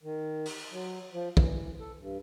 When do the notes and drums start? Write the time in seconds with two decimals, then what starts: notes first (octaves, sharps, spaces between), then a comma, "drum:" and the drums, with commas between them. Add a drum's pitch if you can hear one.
0.03 D#3
0.46 drum: open hi-hat
0.72 F#3
1.13 F3
1.37 E3, drum: kick
1.80 A4
1.99 G2